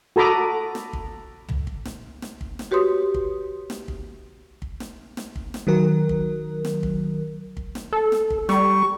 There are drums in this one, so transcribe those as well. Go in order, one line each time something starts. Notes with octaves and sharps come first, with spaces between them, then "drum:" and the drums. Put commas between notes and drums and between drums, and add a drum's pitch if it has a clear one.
F#4 A4 A#5 B5 D6 D#6
drum: snare
drum: kick
drum: tom
drum: kick
drum: snare
drum: snare
drum: kick
drum: snare
F#4 G4 B4 C#5 C6 D#6
drum: kick
drum: snare
drum: kick
drum: kick
drum: snare
drum: snare
drum: kick
drum: snare
D#3 F#3 A#4
drum: kick
drum: snare
drum: kick
drum: kick
drum: snare
A4
drum: snare
drum: kick
G3 C#6, drum: snare